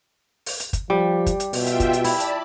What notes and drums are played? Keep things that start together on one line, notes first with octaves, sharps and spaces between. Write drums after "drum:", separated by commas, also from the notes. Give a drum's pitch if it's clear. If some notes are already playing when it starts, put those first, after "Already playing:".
drum: open hi-hat
drum: hi-hat
drum: kick, hi-hat
F3 G3 G4
drum: kick, hi-hat
drum: hi-hat
B2 F4 E5 G5, drum: open hi-hat
drum: hi-hat
drum: kick, hi-hat
drum: hi-hat
E4 D5 A5 B5, drum: open hi-hat
drum: hi-hat